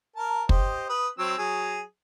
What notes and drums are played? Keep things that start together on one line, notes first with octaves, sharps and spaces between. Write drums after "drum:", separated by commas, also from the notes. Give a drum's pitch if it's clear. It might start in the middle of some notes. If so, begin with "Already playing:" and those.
A#4 A5
G4 C5 D#5, drum: kick
B4 D#6
F#3 C4 E6
F#3 G#4